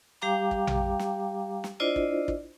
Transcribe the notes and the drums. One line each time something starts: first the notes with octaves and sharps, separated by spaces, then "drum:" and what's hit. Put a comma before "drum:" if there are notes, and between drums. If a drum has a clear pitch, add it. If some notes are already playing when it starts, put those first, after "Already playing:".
G3 G4 F5 G5 A#5 D6
drum: kick
drum: tom A#1
drum: snare
drum: snare
D4 E4 F4 C5 D5 D#5
drum: kick
drum: kick